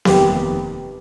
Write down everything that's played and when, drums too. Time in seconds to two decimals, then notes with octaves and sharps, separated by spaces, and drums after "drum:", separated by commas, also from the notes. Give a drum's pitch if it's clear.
0.05 F1 D#2 D#3 B3 G4, drum: snare B3